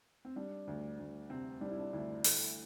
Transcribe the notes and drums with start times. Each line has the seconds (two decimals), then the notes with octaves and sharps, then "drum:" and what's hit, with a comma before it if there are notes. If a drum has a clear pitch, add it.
0.25 C4
0.36 G3 D4
0.67 D2
0.99 D2
1.30 C3 C4
1.61 G3 D4
1.70 E4
1.79 D4
1.93 D2 E4
2.24 A3, drum: open hi-hat